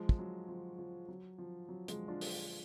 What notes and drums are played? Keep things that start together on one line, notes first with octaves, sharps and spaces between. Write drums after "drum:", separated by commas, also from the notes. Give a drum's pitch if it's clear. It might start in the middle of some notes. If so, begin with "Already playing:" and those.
Already playing: F3 G#3
drum: kick
F#3
F3
F3
F#3
F3
F#3
F3 G#3, drum: hi-hat
D4 F4
drum: open hi-hat